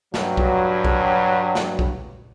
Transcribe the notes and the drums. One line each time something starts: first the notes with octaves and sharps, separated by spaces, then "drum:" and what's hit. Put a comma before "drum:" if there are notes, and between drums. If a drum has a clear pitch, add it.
G2 F#3, drum: snare
drum: kick A#1
drum: kick A#1
drum: snare
drum: kick A#1